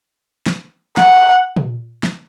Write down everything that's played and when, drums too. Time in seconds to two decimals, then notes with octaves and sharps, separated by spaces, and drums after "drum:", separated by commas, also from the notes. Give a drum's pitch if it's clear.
0.46 drum: snare
0.97 F#5, drum: snare
1.56 drum: tom
2.03 drum: snare